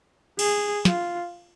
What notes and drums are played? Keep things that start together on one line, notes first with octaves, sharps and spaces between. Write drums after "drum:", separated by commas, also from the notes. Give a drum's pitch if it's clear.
G#4, drum: cymbal
F4, drum: snare